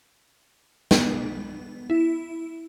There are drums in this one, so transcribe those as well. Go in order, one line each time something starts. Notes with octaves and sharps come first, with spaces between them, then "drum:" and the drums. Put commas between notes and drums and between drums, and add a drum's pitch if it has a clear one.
B3, drum: snare
E4